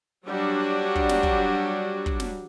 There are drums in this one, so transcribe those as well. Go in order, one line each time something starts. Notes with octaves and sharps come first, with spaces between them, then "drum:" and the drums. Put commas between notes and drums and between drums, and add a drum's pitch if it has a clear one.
F#3 G3 D4 F#4
drum: kick
drum: snare
drum: kick
drum: kick
drum: snare